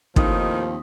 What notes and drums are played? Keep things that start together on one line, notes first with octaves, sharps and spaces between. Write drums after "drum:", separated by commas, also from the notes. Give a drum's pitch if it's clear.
D#2 A2 D#3 F3 C4 D#4 G4 D#6, drum: kick